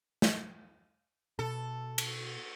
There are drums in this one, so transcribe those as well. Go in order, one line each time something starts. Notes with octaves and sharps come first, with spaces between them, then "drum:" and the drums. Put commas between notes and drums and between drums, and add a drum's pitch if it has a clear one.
drum: snare
B2 A4
drum: cymbal